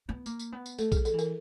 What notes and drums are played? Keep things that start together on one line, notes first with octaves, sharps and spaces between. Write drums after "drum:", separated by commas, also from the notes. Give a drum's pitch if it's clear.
B3
A#3, drum: tambourine
drum: tambourine
B3
drum: tambourine
A3 A4, drum: tambourine
F3 G#4, drum: kick A#1, tambourine
A4, drum: tambourine
E3
A#4, drum: tambourine